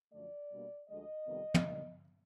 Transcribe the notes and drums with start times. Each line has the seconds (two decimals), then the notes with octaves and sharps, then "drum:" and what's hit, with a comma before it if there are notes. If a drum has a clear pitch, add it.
0.13 F#2 D3 F3 A3 D5
0.52 B2 G3 A#3 D4
0.90 D2 D3 F3 G#3 D#5
1.27 F2 C3 D#3 G3 B3
1.54 drum: tom
1.65 G2 D#3 G3 A#3